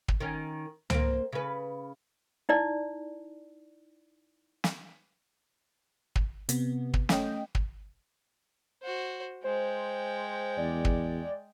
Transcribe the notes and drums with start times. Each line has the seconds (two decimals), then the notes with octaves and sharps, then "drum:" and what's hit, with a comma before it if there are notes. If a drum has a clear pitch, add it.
0.08 drum: kick
0.20 D#3 C#4
0.90 A#3 C4, drum: tom
1.33 C#3 B4
2.49 D#4 E4 D5
4.64 drum: snare
6.16 drum: kick
6.49 C3 B3, drum: hi-hat
6.94 drum: kick
7.09 A3 C#4 D#5 G5, drum: snare
7.55 drum: kick
8.82 F#4 C5
9.44 G#3 C5 G5
10.58 E2 D5
10.85 drum: kick